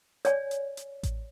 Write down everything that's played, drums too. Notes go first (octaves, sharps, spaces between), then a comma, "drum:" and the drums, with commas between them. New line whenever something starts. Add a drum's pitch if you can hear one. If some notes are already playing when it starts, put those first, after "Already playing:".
C#5 D5 G#5, drum: hi-hat
drum: hi-hat
drum: hi-hat
drum: kick A1, hi-hat